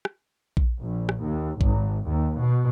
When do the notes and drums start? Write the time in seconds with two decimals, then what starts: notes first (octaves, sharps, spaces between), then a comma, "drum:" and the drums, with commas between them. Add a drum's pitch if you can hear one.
0.05 drum: rim click
0.57 drum: kick A#1
0.80 A#1
1.09 drum: rim click
1.21 D#2
1.61 G#1, drum: kick A#1
2.07 D#2
2.40 B2